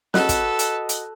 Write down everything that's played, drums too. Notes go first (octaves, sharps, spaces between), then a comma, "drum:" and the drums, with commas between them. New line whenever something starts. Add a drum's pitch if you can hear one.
F#4 A4 B4 D#5 F#6, drum: snare
drum: kick, hi-hat
drum: hi-hat
drum: hi-hat